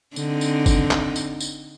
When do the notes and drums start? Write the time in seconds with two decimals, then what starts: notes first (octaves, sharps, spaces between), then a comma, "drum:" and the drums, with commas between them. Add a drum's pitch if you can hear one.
0.16 D3 C4 D#4, drum: tambourine
0.41 drum: tambourine
0.66 drum: kick G1, tambourine
0.91 drum: clap
1.16 drum: tambourine
1.41 drum: tambourine